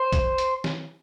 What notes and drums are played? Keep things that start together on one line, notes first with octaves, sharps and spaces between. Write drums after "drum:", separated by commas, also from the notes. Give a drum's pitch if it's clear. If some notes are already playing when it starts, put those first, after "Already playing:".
Already playing: C5
drum: kick B1, hi-hat
drum: hi-hat
drum: snare